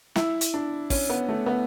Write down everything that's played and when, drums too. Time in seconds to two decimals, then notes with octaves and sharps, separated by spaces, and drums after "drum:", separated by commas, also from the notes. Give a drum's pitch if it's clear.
0.16 E4, drum: snare
0.41 drum: hi-hat
0.54 D4
0.90 C#4, drum: kick, open hi-hat
1.10 B3
1.29 A3
1.46 B3